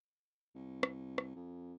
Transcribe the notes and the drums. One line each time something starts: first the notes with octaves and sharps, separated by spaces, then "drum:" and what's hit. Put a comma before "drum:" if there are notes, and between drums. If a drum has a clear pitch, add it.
C2
drum: rim click
drum: rim click
F2